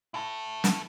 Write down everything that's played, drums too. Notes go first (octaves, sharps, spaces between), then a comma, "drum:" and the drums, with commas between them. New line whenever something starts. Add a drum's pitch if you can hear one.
E4 A4
drum: snare